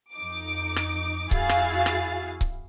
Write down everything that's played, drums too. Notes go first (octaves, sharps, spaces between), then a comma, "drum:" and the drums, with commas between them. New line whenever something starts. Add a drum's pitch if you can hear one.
F2 D#4 D6
drum: rim click
F2 E4 F#4 G#4 F5 A6, drum: kick C#1
drum: rim click
drum: rim click
drum: kick C#1